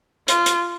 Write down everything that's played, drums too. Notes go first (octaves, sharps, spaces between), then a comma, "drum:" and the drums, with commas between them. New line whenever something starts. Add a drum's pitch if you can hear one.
F4, drum: hi-hat
drum: hi-hat